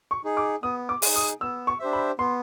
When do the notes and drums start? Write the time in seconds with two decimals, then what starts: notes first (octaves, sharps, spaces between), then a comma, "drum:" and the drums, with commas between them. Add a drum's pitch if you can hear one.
0.11 C#6
0.24 D#4 G#4
0.37 D6
0.63 B3 D#6
0.89 D6
1.02 D#4 G#4, drum: open hi-hat
1.16 D#6
1.41 B3 E6
1.67 C#6
1.79 D4 G4 C5 E5
1.93 B5
2.19 B3 C6